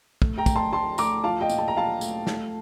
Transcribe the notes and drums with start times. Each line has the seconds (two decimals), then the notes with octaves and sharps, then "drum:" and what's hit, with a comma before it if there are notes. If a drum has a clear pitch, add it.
0.22 A3, drum: kick
0.38 G5 A#5
0.46 D2, drum: kick, tambourine
0.55 A5 C6
0.72 D2 A5 C6
0.98 A3 A#5 D6, drum: tambourine
1.24 F3 F5 A5
1.41 D#5 G5
1.50 A#2, drum: tambourine
1.58 A5
1.68 A#5
1.76 F3 F5 A5
2.01 A3, drum: tambourine
2.27 A3, drum: snare